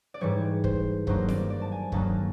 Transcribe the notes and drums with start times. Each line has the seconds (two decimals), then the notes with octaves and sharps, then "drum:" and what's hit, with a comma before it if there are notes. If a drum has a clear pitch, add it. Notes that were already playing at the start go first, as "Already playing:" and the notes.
0.14 D5
0.21 G#2 E3 G3 C#5
0.64 C5, drum: kick
1.07 G2 D#3 F#3 A#3 C5, drum: kick
1.29 D5, drum: snare
1.50 D5
1.61 A5
1.72 G#5
1.92 G2 D#3 F#3 A#3 A5, drum: kick